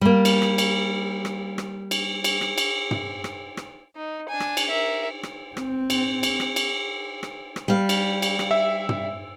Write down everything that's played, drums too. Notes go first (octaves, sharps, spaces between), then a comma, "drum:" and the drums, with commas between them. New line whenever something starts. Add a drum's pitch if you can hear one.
G3 A#3
drum: cymbal
drum: rim click
drum: cymbal
drum: rim click
drum: rim click
drum: cymbal
drum: cymbal
drum: rim click
drum: cymbal
drum: tom
drum: rim click
drum: rim click
D#4
D4 G#5
drum: rim click
drum: cymbal
A#4 E5
drum: rim click
C4, drum: rim click
drum: cymbal
drum: cymbal
drum: rim click
drum: cymbal
drum: rim click
drum: rim click
G3 F5
drum: cymbal
drum: cymbal
drum: rim click
E5 E6
drum: tom